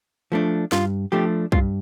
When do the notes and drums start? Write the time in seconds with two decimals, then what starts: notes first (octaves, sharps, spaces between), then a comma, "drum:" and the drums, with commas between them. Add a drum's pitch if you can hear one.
0.32 F3 A3 D4
0.72 G2 F4, drum: snare
1.12 F3 A3 D4 G4
1.52 G2 F4, drum: kick B1